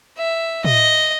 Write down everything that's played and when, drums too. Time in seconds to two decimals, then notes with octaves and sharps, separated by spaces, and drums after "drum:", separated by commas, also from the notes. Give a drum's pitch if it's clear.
0.18 E5
0.65 D#5, drum: tom